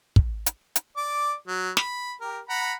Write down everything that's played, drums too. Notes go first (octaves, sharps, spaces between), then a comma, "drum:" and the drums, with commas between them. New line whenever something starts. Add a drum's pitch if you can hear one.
drum: kick
drum: hi-hat
drum: hi-hat
D5 D6
F#3
B5, drum: snare
G4 A#4
F#5 A#5 B5